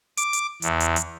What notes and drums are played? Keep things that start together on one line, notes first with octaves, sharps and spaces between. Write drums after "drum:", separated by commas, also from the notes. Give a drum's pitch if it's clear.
D6, drum: hi-hat
drum: hi-hat
E2, drum: hi-hat
drum: hi-hat
drum: hi-hat